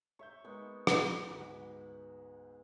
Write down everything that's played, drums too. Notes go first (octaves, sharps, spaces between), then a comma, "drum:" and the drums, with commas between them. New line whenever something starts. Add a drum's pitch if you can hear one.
C#5 E5 C#6 G6
G#3 A#3 B3 D#4
drum: rim click
D2 G#2 F#4 B5